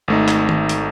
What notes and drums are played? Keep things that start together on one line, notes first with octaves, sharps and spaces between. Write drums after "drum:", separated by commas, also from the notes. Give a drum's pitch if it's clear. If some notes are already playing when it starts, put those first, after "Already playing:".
G#1 A3 D#4
drum: clap
drum: tom D#3
drum: hi-hat